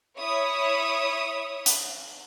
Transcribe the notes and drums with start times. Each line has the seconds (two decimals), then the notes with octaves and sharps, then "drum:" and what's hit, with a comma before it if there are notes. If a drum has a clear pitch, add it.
0.19 E4 C#5 E5 D#6
1.66 drum: hi-hat